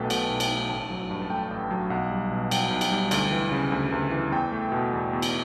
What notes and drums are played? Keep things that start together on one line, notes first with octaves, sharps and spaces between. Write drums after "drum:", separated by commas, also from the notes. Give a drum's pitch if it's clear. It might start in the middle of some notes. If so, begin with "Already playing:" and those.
Already playing: B1 B2 A3 A4 B4 G5 A5
B1 F#5, drum: cymbal
B1
G5, drum: cymbal
A3
A1 A5
F#3
G2
A5
A3 G5
A1
F#3
B1 F#5
G3
B2
B1 G5, drum: cymbal
B1
drum: cymbal
G3
D2, drum: cymbal
E3
C#3
D2
D2
E3
E2 G5
A3
B2
E2
E2
drum: cymbal